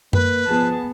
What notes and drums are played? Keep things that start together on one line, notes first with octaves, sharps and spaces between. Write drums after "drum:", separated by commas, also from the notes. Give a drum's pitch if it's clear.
A#3 B4, drum: tom F#2
F3 B3 G#4 A5